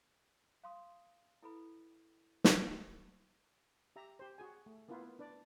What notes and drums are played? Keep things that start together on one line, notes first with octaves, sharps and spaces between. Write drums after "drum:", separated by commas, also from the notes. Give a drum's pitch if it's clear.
F5 C6 D#6
E4 A4 B4 B5
drum: snare
G4 E5 A#5
G4 C5
F#4 G#4 G#5
A3
A#3 B3 E4 F4 B4
D4 B4 D5